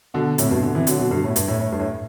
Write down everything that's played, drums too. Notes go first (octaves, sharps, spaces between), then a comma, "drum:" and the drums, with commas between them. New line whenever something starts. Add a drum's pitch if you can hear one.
B2 D3
A2 C3, drum: hi-hat
G2 B2
B2 D3
C3 E3
D3 F#3, drum: hi-hat
B2 D3
G2 B2
A2
G2, drum: hi-hat
A2
A2
G2
A2